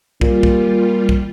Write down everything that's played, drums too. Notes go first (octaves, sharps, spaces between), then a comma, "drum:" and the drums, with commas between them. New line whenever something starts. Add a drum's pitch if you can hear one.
A#2 G3 F4, drum: kick
drum: kick
drum: kick